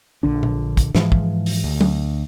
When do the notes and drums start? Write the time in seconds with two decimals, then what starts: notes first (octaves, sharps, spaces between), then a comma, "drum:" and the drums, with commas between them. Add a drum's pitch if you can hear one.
0.23 A#1 D3 D4
0.43 drum: tom A#2
0.77 drum: kick, hi-hat
0.95 G#2 E3 F3 G#3, drum: snare
1.12 drum: kick
1.46 drum: open hi-hat
1.64 D2
1.81 drum: tom